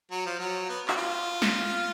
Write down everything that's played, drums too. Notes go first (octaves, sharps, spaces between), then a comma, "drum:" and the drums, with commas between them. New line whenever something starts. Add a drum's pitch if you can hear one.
F#3
F3
F#3
B3
F#4, drum: clap
F4
drum: snare